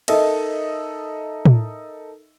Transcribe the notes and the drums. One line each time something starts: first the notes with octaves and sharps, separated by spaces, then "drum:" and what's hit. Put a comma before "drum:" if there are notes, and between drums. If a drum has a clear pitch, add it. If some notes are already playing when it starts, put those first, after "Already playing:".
D#4 A4 A#4 D#5 E5, drum: cymbal
drum: tom